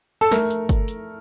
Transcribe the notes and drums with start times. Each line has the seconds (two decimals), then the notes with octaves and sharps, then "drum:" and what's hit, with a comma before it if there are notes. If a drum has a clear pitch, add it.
0.21 A4
0.32 A3 A#4, drum: snare
0.50 drum: hi-hat
0.69 drum: kick G1, hi-hat
0.88 drum: hi-hat